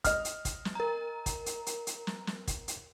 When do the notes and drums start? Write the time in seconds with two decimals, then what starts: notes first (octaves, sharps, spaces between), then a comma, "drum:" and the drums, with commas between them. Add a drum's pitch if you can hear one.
0.04 D#5 F6, drum: kick, hi-hat
0.25 drum: hi-hat
0.45 drum: kick, hi-hat
0.65 drum: snare
0.75 A#4 A#5
1.26 drum: kick, hi-hat
1.46 drum: hi-hat
1.67 drum: hi-hat
1.87 drum: hi-hat
2.07 drum: snare
2.27 drum: snare
2.48 drum: kick, hi-hat
2.68 drum: hi-hat